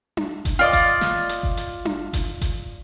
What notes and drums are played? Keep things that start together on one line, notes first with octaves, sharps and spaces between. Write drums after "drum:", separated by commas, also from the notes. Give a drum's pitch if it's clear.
drum: tom D4
drum: kick F#1, hi-hat
F4 D5 D#5
drum: kick F#1, hi-hat
drum: snare
drum: hi-hat
drum: kick F#1
drum: hi-hat
drum: tom D4
drum: kick F#1, hi-hat
drum: kick F#1, hi-hat